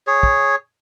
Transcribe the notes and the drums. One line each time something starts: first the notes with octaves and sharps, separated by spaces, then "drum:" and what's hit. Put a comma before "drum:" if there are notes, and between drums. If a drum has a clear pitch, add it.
G#4 C#5
drum: kick